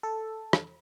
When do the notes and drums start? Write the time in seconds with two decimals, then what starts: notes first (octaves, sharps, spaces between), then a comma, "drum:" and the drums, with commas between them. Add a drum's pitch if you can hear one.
0.03 A4
0.53 drum: rim click